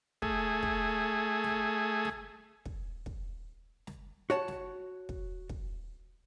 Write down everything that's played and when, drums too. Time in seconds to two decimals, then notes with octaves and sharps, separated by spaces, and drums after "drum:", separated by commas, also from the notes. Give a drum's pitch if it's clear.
0.22 A3 G#4, drum: kick
0.63 drum: kick
1.44 drum: snare
2.05 drum: snare
2.65 drum: kick
3.06 drum: kick
3.87 drum: snare
4.30 F#4 C#5 A5
4.48 drum: snare
5.09 drum: kick
5.49 drum: kick